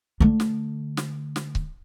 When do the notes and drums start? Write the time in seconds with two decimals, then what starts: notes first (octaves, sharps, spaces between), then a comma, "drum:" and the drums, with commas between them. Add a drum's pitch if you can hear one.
0.20 D3 A3
0.40 drum: snare
0.97 drum: snare
1.36 drum: snare
1.55 drum: kick C#1